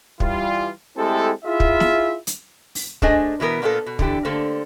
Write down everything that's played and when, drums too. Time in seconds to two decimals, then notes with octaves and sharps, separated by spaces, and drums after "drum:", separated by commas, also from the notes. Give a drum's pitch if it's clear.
0.20 E3 G3 F4, drum: kick
0.97 G#3 A3 C4 E4 G4 A4
1.45 E4 F4 G#4 E5
1.60 drum: kick
1.80 drum: snare
2.27 drum: hi-hat
2.75 drum: open hi-hat
3.02 A3 D4 G#4 C5 D#5 G#5, drum: kick
3.40 B2 E3 B3 A#4
3.62 A#2 A#3 B3 E4 A4
3.86 B2
3.99 D3 E3 G4 A4, drum: kick
4.25 D3 A3 A#3 A4 C5